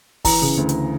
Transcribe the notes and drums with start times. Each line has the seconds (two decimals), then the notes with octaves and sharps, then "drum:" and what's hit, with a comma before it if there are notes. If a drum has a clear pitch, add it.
0.25 E3 A#5, drum: kick, open hi-hat
0.42 C#3
0.57 D2
0.69 drum: hi-hat